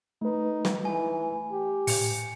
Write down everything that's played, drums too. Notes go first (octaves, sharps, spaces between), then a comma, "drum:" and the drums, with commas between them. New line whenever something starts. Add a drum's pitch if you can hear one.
A3 D#4 B4
drum: snare
E3 G#5
G4
A2 C#7, drum: open hi-hat